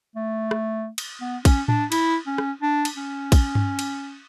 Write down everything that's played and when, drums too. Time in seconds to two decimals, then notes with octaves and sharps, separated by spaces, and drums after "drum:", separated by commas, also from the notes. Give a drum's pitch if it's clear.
0.15 A3
0.51 drum: rim click
0.98 drum: cymbal
1.21 B3
1.45 C#4, drum: kick, cymbal
1.68 D4, drum: tom A2
1.92 E4, drum: cymbal
2.27 C#4
2.38 drum: rim click
2.62 D4
2.85 drum: cymbal
2.97 C#4
3.32 drum: kick, cymbal
3.55 drum: tom G2
3.79 drum: cymbal